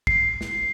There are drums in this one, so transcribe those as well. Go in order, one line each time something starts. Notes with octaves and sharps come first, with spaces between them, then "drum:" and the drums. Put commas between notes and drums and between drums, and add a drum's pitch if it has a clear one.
C7, drum: kick
drum: snare